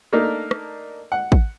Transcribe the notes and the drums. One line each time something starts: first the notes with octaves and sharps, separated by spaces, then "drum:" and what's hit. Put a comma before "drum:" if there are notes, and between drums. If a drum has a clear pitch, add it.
A3 A#3 D4 D#4 A#4
drum: rim click
F#5
drum: kick